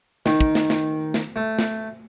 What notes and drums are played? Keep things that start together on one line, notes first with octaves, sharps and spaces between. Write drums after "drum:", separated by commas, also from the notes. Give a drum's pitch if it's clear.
D#3, drum: snare
drum: kick
drum: snare
drum: snare
drum: snare
A3
drum: snare